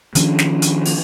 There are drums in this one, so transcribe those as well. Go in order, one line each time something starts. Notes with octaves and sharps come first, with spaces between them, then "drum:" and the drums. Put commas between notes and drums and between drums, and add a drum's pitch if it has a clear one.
D#3 F3 C#4 D4, drum: hi-hat
drum: snare
drum: hi-hat
drum: open hi-hat